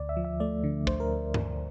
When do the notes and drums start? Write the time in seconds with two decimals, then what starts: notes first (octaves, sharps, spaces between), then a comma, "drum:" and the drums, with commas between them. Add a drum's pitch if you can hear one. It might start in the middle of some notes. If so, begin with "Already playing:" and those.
Already playing: D2 D5
0.09 E5
0.17 F3
0.24 E5
0.40 A3 D5
0.64 D3
0.87 D2 C5, drum: kick
1.00 A#4
1.34 drum: tom G2